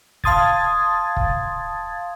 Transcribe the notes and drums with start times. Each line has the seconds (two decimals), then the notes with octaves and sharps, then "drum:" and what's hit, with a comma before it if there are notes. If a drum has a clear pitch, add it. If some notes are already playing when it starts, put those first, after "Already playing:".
0.24 F5 A5 C6 D#6 G#6 A6, drum: kick
1.17 drum: kick